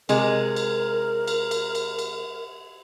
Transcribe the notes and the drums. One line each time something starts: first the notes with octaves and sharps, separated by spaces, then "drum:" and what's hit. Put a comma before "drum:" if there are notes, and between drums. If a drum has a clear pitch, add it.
C3 G#3 A#4, drum: cymbal
drum: cymbal
drum: cymbal
drum: cymbal
drum: cymbal
drum: cymbal